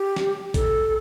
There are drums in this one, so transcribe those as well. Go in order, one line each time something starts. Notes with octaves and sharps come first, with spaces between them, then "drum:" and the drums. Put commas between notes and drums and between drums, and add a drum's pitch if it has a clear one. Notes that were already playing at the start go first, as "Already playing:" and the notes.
Already playing: G4
drum: snare
A4, drum: kick A#1, hi-hat